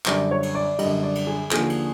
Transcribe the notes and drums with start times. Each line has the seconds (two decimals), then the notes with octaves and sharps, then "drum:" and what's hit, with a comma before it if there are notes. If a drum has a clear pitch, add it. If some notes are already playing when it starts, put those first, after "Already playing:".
0.06 F#2 D3 G3 D5, drum: clap
0.31 C#5
0.43 drum: cymbal
0.55 D5
0.79 F#2 D3 G3 D#5, drum: cymbal
1.03 D5
1.15 drum: cymbal
1.27 G#4
1.52 D#2 D3 F3 G#4, drum: clap
1.70 drum: cymbal